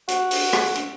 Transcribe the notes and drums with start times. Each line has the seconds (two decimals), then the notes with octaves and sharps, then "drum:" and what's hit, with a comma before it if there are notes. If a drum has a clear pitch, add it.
0.08 F#4, drum: hi-hat
0.31 drum: open hi-hat
0.53 drum: rim click
0.75 drum: hi-hat